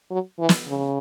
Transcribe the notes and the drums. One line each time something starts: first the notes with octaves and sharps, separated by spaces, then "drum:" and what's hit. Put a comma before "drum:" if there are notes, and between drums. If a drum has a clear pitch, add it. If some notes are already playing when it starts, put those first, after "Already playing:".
F#3
E3
drum: snare
C#3